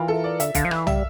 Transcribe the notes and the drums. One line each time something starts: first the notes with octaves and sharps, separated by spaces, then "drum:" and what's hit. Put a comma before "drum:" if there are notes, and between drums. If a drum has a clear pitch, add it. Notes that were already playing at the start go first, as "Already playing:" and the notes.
Already playing: E3 F4 A#4
A4
D5
D3 E5, drum: hi-hat
D3 F5, drum: kick B1, hi-hat
F3
E3, drum: rim click
G3 E5, drum: tom